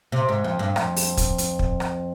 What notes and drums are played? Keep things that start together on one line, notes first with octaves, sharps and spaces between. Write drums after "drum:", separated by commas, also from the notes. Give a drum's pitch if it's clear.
C3
G#2
F2
G2
F2, drum: rim click
drum: open hi-hat
drum: kick, hi-hat
drum: hi-hat
drum: kick
drum: rim click